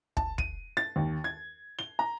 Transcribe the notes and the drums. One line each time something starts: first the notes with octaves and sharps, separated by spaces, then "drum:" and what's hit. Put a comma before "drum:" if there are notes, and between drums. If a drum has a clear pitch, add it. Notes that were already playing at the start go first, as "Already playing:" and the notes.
A5, drum: kick
D#7, drum: kick
A6
D#2
G#6
G7
A#5